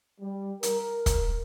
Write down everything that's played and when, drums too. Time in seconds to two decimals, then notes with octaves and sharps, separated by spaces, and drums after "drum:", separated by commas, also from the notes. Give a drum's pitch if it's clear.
0.21 G3
0.63 A#4, drum: hi-hat
1.06 drum: kick, hi-hat